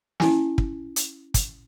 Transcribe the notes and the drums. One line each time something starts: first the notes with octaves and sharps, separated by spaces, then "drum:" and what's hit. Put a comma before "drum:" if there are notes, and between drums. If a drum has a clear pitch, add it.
C#4 E4 G#5, drum: snare
drum: kick
drum: hi-hat
drum: kick, hi-hat